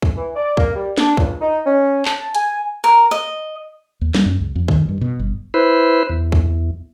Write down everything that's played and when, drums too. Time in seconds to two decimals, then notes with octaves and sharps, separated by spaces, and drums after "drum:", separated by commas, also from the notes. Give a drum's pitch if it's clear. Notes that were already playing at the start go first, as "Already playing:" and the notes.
0.02 drum: kick C2
0.17 E3
0.35 D5
0.57 A#3, drum: kick C2
0.75 G3
0.98 D4, drum: snare
1.17 C#2, drum: kick C2
1.41 D#4
1.66 C#4
2.05 A5, drum: clap
2.35 G#5, drum: hi-hat
2.84 A#4
3.11 D#5
4.01 D#2
4.14 G3, drum: snare
4.26 F#2
4.41 C#2
4.55 F2
4.68 D#3, drum: kick C2
4.89 G2
5.01 B2
5.20 G1
5.54 E4 B4 C5
6.10 E2
6.32 drum: kick C2